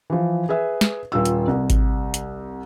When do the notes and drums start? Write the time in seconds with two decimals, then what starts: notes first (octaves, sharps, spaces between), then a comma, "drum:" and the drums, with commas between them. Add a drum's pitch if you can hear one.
0.10 E3 F3
0.49 G#4 B4 E5
0.81 drum: snare
1.12 D#1 F4 E6
1.25 drum: hi-hat
1.48 C2
1.70 drum: kick G#1, hi-hat
2.14 drum: hi-hat